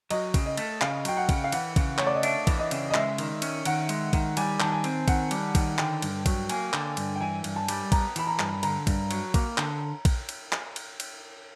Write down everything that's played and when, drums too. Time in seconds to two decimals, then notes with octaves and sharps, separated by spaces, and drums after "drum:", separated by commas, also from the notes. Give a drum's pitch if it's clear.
0.10 F#3 D#5, drum: cymbal
0.34 C#3, drum: kick A#1, cymbal
0.46 D#5
0.57 A3, drum: cymbal
0.81 C#3 F5, drum: clap
1.05 F#3 G5, drum: cymbal
1.17 F#5
1.29 C#3, drum: kick A#1, cymbal
1.44 F5
1.52 E3 F#5, drum: cymbal
1.76 C#3, drum: kick A#1, cymbal
1.98 A3 C#5, drum: clap
2.07 D5
2.15 D#5
2.23 D4 E5, drum: cymbal
2.47 E3, drum: kick A#1, cymbal
2.59 D#5
2.71 C#3, drum: cymbal
2.90 D#5
2.94 G#3 E5, drum: clap
3.18 D#3, drum: cymbal
3.42 C#4, drum: cymbal
3.65 D#3 F#5, drum: cymbal
3.89 G#3, drum: cymbal
4.13 D#3, drum: kick A#1, cymbal
4.37 G3 G#5, drum: cymbal
4.60 D#3 A5, drum: clap
4.72 G#5
4.84 C4, drum: cymbal
5.08 D#3 F#5, drum: kick A#1, cymbal
5.31 G3, drum: cymbal
5.55 D#3, drum: kick A#1, cymbal
5.78 D3 G5, drum: clap
6.02 G2, drum: cymbal
6.26 F#3, drum: kick A#1, cymbal
6.49 A#3 G#5, drum: cymbal
6.73 D3, drum: clap
6.97 G2, drum: cymbal
7.16 G5
7.21 E3 G#5
7.44 G2, drum: cymbal
7.56 A5
7.68 G3, drum: cymbal
7.92 B3 A#5, drum: kick A#1, cymbal
8.16 E3 B5, drum: cymbal
8.27 A#5
8.39 G2, drum: clap
8.63 D3 A#5, drum: cymbal
8.87 G2, drum: kick A#1, cymbal
9.11 F#3, drum: cymbal
9.34 A#3, drum: kick A#1, cymbal
9.58 D3, drum: clap
10.05 drum: kick A#1, cymbal
10.29 drum: cymbal
10.52 drum: clap
10.76 drum: cymbal
11.00 drum: cymbal